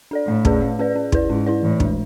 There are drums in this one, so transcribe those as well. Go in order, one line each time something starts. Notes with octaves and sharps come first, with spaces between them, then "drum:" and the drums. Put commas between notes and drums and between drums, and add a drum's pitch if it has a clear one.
D4 A4 D5
A2 A3
C#4 G#4 B4 D5, drum: kick
A3
C#4 G#4 B4 D5
C#4
E4 B4 D5, drum: kick
G#2 C#4
E4 B4 D5
A2 E3
G#3 D4, drum: kick